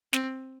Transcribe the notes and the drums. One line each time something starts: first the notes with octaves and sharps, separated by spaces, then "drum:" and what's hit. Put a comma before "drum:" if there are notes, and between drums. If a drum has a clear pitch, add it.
C4, drum: snare